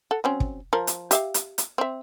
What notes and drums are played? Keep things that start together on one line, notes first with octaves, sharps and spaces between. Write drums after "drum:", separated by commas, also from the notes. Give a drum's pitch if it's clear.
A4 F#5
F#3 C4 C#4
drum: kick
F3 A#4
drum: hi-hat
G4 E5 F5, drum: hi-hat
drum: hi-hat
drum: hi-hat
C4 E5